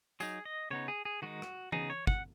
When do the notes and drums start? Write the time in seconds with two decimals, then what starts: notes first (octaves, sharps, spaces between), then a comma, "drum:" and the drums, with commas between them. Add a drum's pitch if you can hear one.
0.20 F#3 D#4 G#4, drum: tambourine
0.45 D#5
0.70 C#3 B3 D#4 C#5
0.88 G#4
1.05 G#4
1.22 D#3 G#3 D#4 F#4
1.42 drum: rim click
1.72 C#3 B3 D#4 G#4, drum: tom E3
1.90 C#5
2.07 F#5, drum: kick